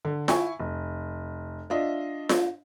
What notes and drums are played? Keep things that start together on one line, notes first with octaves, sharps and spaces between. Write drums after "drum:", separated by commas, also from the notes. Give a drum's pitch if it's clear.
D3
E4 G#5 C#6, drum: snare F4
F1
D4 F4 D#5 E5
drum: snare F4